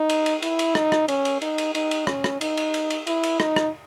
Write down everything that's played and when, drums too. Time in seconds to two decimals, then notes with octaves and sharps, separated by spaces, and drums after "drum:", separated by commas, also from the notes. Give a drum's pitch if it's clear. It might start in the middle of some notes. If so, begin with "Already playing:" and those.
Already playing: D#4
0.09 drum: cymbal
0.26 drum: cymbal
0.42 E4, drum: cymbal
0.59 drum: cymbal
0.75 D#4, drum: rim click
0.92 drum: rim click
1.08 C#4, drum: cymbal
1.25 drum: cymbal
1.41 D#4, drum: cymbal
1.58 drum: cymbal
1.75 D#4, drum: cymbal
1.91 drum: cymbal
2.07 C#4, drum: rim click
2.24 drum: rim click
2.41 D#4, drum: cymbal
2.57 drum: cymbal
2.74 drum: cymbal
2.90 drum: cymbal
3.07 E4, drum: cymbal
3.23 drum: cymbal
3.40 D#4, drum: rim click
3.56 drum: rim click